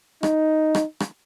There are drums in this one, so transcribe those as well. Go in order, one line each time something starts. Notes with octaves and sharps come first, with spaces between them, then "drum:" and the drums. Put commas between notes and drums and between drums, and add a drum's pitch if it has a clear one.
D#4, drum: rim click
drum: rim click
drum: rim click